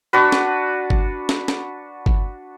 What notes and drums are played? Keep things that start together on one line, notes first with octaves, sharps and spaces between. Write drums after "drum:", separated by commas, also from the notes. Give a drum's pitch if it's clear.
D4 F#4 B4
drum: snare
drum: kick G1
drum: snare
drum: snare
drum: kick G1